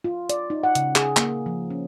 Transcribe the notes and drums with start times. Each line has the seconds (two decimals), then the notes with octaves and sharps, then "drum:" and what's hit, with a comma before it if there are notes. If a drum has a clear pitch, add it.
0.04 F4
0.29 D5, drum: hi-hat
0.50 D#4
0.63 F#5
0.75 C#3, drum: hi-hat
0.96 G#4, drum: clap
1.17 A#3, drum: clap
1.46 F3
1.70 C#4